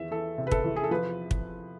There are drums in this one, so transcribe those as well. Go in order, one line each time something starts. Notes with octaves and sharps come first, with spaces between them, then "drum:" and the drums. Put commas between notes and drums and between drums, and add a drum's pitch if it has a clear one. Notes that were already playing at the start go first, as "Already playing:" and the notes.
Already playing: E2 E5
E3 A4
C3
B4
A4, drum: kick
E2
G#4
A4
F3 B4
drum: kick